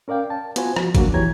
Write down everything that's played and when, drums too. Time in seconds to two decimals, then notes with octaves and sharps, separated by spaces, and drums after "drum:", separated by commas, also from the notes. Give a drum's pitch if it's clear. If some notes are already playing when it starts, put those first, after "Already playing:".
0.08 C#4 A#4 D5 F5 G5
0.30 A5
0.56 B3 F4 F#4 C5 G#5, drum: hi-hat
0.76 F3 F#4, drum: rim click
0.95 F#3 A#3 D4 F#4, drum: kick, hi-hat
1.14 F2 E3 G4 C#5 A#5 G#6